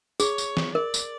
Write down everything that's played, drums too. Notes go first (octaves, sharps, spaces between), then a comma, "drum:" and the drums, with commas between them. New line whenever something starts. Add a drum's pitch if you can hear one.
G#4 C#5, drum: tambourine
drum: tambourine
drum: snare
A#4 D5
drum: tambourine